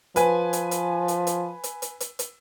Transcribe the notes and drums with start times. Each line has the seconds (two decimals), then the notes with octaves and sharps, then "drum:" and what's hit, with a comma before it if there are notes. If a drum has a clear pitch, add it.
0.16 F3 B4 G#5, drum: hi-hat
0.53 drum: hi-hat
0.71 drum: hi-hat
1.08 drum: hi-hat
1.27 drum: hi-hat
1.64 drum: hi-hat
1.82 drum: hi-hat
2.00 drum: hi-hat
2.19 drum: hi-hat